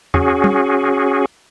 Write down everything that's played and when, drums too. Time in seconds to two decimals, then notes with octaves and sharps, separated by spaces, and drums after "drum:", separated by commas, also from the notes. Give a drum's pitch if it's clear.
0.14 C#4 F#4 G#4, drum: tom E2
0.44 drum: tom